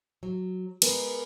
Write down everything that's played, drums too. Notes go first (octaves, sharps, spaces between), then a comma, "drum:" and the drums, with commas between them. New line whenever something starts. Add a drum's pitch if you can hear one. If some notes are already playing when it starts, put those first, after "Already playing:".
F#3
G#3 B3 A#4 B4, drum: cymbal